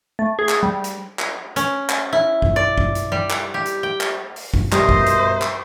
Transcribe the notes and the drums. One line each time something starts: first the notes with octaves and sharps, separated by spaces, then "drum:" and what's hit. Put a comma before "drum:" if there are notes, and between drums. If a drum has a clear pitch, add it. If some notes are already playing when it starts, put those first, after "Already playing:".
A3
G#4
drum: clap
G3
drum: hi-hat
drum: clap
C#4, drum: hi-hat
drum: clap
E4
drum: kick G#1
D5
drum: kick G#1
drum: hi-hat
G3
drum: clap
G4
drum: hi-hat
G5
drum: clap
drum: open hi-hat
drum: kick G#1
B2 G3 A#4 C5 D#5 E5, drum: clap
drum: kick G#1
drum: hi-hat
drum: clap